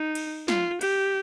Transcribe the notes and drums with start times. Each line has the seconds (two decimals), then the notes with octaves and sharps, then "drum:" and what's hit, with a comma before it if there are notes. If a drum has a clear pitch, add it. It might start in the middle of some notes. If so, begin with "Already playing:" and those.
Already playing: D#4
0.15 drum: cymbal
0.48 F4, drum: snare
0.81 G4, drum: cymbal